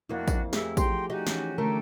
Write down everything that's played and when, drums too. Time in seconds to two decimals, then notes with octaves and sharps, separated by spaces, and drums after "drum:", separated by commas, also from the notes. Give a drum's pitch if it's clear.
0.09 F2 A#3 D4 E4 F#4 F5
0.28 drum: kick A1, tambourine
0.53 A3 E4 G4 G#4, drum: snare
0.77 F3 F#4 G4 G5 A#5 C6, drum: kick A1, tambourine
1.10 D#4 F#4 G4 G#5
1.27 E3 C#4, drum: snare
1.58 D3 A3 A#3 A4 A#4 G5